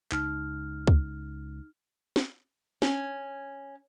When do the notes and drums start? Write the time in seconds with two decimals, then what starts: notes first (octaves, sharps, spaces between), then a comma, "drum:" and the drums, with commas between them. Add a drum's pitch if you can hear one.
0.12 C#2 D#4 F6, drum: clap
0.87 drum: kick C#2
2.16 drum: snare
2.82 C#4, drum: snare